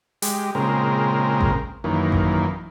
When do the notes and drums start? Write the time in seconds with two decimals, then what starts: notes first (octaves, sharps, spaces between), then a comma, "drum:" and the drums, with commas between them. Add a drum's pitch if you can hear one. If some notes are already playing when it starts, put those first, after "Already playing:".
0.22 G#3 G4, drum: hi-hat
0.55 A#2 C#3 G#3 C4 A#4
1.41 drum: kick A1
1.84 F#2 D#3 E3 A#3
2.12 drum: kick A1